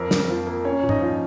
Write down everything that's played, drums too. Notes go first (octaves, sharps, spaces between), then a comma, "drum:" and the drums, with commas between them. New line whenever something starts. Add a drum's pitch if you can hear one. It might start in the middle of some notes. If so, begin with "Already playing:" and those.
Already playing: F2 A#4
F2, drum: snare
F3
A#3
C#4 C#5
A#2
D#4 D#5, drum: tom G2
F3